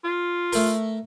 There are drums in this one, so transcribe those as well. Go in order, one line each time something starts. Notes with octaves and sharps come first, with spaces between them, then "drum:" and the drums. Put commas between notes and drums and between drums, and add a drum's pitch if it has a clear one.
F4
A3 A#4, drum: open hi-hat